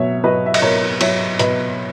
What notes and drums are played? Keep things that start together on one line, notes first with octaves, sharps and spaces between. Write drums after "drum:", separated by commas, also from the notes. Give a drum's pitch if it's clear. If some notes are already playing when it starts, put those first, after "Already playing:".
Already playing: B2 F#3 C#5 E5
F#3 B4 D#5
E5
D#5, drum: cymbal
B2 A#4 C#5
F#3 C#5 E5, drum: cymbal
B2 B4 D#5, drum: hi-hat